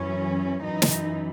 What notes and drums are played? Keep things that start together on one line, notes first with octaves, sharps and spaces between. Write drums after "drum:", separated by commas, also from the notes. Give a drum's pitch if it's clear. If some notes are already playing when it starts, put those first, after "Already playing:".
Already playing: F#2 E3 C#4
F#2 E3 D#4
drum: snare